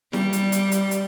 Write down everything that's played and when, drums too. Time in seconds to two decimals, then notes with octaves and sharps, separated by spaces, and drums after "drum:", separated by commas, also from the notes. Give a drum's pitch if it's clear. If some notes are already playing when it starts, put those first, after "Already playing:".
0.13 G3, drum: snare E4
0.33 drum: hi-hat
0.52 drum: hi-hat
0.72 drum: hi-hat
0.91 drum: hi-hat